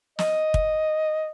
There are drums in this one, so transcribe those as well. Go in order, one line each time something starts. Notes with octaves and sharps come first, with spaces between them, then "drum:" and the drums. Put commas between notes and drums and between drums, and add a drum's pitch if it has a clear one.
D#5, drum: snare
drum: kick